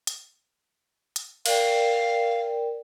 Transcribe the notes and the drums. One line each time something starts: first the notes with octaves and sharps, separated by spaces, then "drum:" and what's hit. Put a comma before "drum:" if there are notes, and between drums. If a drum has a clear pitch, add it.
drum: hi-hat
drum: hi-hat
A#4 D5 F5 G5, drum: cymbal